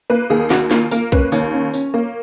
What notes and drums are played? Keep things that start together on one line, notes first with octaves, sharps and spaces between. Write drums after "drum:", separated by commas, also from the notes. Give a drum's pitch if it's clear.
A#3 B4
D#2 G#4
D#2 F#4, drum: snare
A#3 F4, drum: snare
A#3 A#4, drum: tambourine
C#4 B4, drum: kick
D#2 C#5, drum: tambourine
C#4
C#4, drum: tambourine
A#3